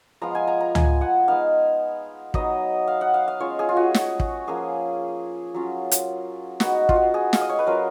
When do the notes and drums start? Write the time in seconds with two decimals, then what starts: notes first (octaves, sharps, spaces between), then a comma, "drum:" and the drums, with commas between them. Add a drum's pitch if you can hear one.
0.22 F3 G#3 B3 F4 A#5
0.35 G#5
0.48 A#5
0.61 A#5
0.75 G#5, drum: tom C#2
1.01 F#5
1.28 G#3 B3 D#4 F5
2.34 F#3 B3 D#4 D#5, drum: kick
2.88 F5
3.01 F#5
3.14 F5
3.28 F5
3.40 G#3 C#4 F4 C#5
3.59 G#4
3.69 F4
3.77 F#4
3.94 F#4, drum: snare
4.20 drum: kick
4.47 F3 A#3 C#4 G#4
5.54 F#3 C#4 F4
5.92 drum: hi-hat
6.60 G#3 B3 D#4 F#4, drum: snare
6.89 F4, drum: kick
6.95 F#4
7.14 G#4
7.33 F5, drum: snare
7.41 D#5
7.49 C#5
7.59 B4
7.67 F#3 C#4 F4 A#4